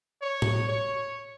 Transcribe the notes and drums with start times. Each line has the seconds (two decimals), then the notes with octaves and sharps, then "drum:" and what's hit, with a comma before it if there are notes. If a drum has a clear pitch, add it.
0.22 C#5
0.42 drum: tom A2
0.68 C#5